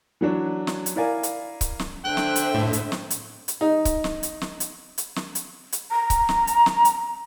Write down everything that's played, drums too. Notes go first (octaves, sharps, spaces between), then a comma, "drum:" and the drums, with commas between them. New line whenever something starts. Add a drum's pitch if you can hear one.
E3 F#3 D4
drum: snare
drum: hi-hat
E4 A#4 D5 F5 G#5
drum: hi-hat
drum: kick C#1, hi-hat
drum: snare
D3 C5 E5 G5 F#6
drum: snare
drum: hi-hat
A2
drum: hi-hat
drum: snare
drum: hi-hat
drum: hi-hat
D#4
drum: kick C#1, hi-hat
drum: snare
drum: hi-hat
drum: snare
drum: hi-hat
drum: hi-hat
drum: snare
drum: hi-hat
drum: hi-hat
A#5
drum: kick C#1, hi-hat
drum: snare
drum: hi-hat
drum: snare
drum: hi-hat